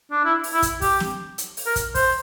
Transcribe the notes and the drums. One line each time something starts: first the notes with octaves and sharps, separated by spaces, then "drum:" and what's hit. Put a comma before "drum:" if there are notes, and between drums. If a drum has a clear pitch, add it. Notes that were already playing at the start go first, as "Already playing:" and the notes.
D4
E4
drum: open hi-hat
E4
drum: kick, hi-hat
G4, drum: kick, open hi-hat
drum: snare
drum: hi-hat
drum: open hi-hat
A#4
drum: kick, hi-hat
C5, drum: kick, open hi-hat